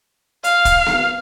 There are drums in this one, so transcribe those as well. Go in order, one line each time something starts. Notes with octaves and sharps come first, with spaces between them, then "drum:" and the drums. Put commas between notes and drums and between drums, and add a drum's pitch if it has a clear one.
F5, drum: hi-hat
drum: kick, hi-hat
drum: snare B3